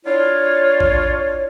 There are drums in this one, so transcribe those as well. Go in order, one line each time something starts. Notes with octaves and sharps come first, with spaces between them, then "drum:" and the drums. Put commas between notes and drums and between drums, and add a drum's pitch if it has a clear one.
D4 E4 F4 C#5
drum: kick A#1